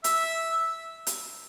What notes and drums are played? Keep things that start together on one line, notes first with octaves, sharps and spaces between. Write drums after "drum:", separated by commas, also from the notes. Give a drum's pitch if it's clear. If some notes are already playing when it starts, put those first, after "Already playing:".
E5, drum: hi-hat
drum: hi-hat